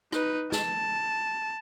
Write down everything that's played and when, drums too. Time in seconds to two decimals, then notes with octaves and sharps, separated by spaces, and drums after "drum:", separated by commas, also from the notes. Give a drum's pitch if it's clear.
0.12 D#4 B4, drum: rim click
0.52 A5, drum: snare